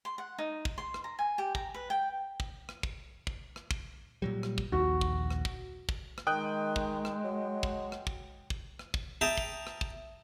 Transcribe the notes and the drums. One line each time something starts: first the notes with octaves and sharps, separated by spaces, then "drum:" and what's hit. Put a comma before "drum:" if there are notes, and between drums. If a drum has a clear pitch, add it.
C6
F#5
D#4
drum: kick
C6
drum: rim click
A#5
G#5
G4
A#5, drum: kick
B4
G5
drum: kick
drum: rim click
drum: kick
drum: kick
drum: rim click
drum: kick
A#2 F#3 G3
drum: rim click
drum: kick
A#1 D#2 F#4
drum: kick
drum: rim click
drum: kick
drum: kick
drum: rim click
D#3 G#3 G5 D#6 F#6
drum: kick
drum: rim click
F#3
drum: kick
drum: rim click
drum: kick
drum: kick
drum: rim click
drum: kick
E5 G5 A5 A#5 D#6
drum: kick
drum: rim click
drum: kick